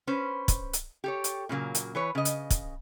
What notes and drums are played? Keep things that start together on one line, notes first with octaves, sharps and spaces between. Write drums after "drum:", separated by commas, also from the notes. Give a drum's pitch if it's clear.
C#4 B4 C5
drum: kick, hi-hat
drum: hi-hat
G4 A4 C#5
drum: hi-hat
A#2 C#3 F#3 A#3
drum: hi-hat
E3 B4 C#5
C#3 D#5
drum: hi-hat
drum: kick, hi-hat